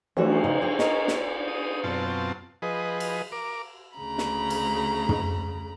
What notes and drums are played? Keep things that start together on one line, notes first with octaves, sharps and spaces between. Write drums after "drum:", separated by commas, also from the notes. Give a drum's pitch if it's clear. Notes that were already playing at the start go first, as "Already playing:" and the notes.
E3 G3 A3 C#4 F#4 C5, drum: cymbal
C#3 D#4 F5
C5 G5
F4 G#4 A#4 C#5 D#5, drum: snare
drum: snare
D#6
F#2 B2 C4 F4 A5
F3 G#4 B4 D#5
drum: cymbal
A#4 D6
D2 C#3 A#5 B5
drum: snare
drum: cymbal
drum: tom